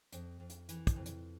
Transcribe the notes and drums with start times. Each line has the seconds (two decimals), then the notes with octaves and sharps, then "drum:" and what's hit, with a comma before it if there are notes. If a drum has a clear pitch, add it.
0.12 F2, drum: hi-hat
0.40 F2
0.50 drum: hi-hat
0.69 E3, drum: hi-hat
0.87 drum: kick, hi-hat
0.96 F2
1.06 drum: hi-hat